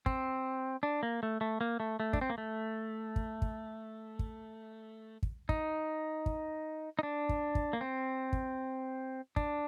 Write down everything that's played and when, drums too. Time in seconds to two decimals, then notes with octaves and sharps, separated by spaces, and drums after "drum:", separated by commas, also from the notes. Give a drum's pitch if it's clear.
0.06 C4, drum: kick
0.83 D4
1.03 A#3
1.23 A3
1.41 A3
1.61 A#3
1.80 A3
2.00 A3
2.13 D4, drum: kick
2.21 C4
2.30 A#3
2.38 A3
3.16 drum: kick
3.42 drum: kick
4.19 drum: kick
5.23 drum: kick
5.49 D#4, drum: kick
6.26 drum: kick
6.99 D#4
7.03 D4
7.29 drum: kick
7.55 drum: kick
7.73 A#3
7.81 C4
8.33 drum: kick
9.36 D4, drum: kick